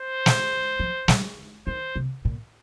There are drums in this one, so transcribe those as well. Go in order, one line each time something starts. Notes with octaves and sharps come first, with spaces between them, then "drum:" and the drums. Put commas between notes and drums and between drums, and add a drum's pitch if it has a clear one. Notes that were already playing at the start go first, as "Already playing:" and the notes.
Already playing: C5
drum: snare
F3
G3, drum: snare
D#3 C5
C3
A#2